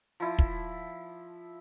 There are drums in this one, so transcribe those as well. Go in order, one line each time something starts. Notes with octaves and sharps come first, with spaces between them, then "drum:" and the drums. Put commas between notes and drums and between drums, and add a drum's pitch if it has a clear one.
F3 E4
drum: kick